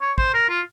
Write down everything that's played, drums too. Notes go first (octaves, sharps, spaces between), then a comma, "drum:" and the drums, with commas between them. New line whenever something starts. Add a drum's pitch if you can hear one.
C#5
C5, drum: kick
A#4
F4